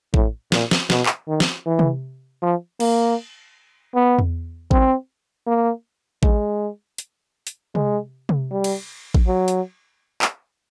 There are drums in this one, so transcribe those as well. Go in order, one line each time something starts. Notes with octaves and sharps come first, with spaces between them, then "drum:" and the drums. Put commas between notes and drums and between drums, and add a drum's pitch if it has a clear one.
A2, drum: kick A1
A#2, drum: snare
drum: snare
B2, drum: snare
drum: clap
D#3
drum: snare
E3
drum: tom C3
F3
A#3, drum: cymbal
B3
drum: tom E2
C4, drum: kick A1
A#3
G#3, drum: kick A1
drum: hi-hat
drum: hi-hat
G#3, drum: tom C3
drum: tom C3
G3
drum: cymbal
drum: kick A1
F#3
drum: hi-hat
drum: clap